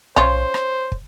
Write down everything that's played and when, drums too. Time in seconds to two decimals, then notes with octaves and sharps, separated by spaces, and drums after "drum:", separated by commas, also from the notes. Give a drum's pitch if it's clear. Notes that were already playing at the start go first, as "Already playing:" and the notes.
0.16 C#4 F4 C5, drum: tom B1
0.54 drum: rim click
0.92 drum: kick